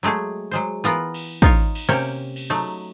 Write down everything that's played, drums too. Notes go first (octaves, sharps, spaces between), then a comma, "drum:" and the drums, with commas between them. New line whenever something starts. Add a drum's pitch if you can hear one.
F#3 G#3 A3 G4 G#4
F#3 G#3 C5
E3 B3 F4 A#4
drum: cymbal
D#4 F4 C#5, drum: kick
drum: cymbal
C3 A#3 C#4 C#5 E5 G5
drum: cymbal
F#3 A3 D#4